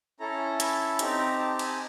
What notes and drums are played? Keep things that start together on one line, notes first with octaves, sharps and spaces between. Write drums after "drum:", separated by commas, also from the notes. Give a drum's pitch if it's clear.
C#4 E4 A4 A#5
B5, drum: hi-hat
C4 D#4 G4 A#5, drum: hi-hat
A#5
A5
G#5, drum: cymbal